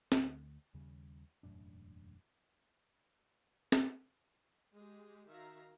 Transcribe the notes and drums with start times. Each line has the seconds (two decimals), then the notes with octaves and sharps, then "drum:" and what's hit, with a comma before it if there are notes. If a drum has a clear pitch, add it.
0.12 D2 D3 A3, drum: snare C4
0.74 D#2 C#3 G3
1.43 E1 F#2 A2 D4
3.72 drum: snare C4
4.74 G#3 G4
5.30 D#3 F#4 E5 F5 A#5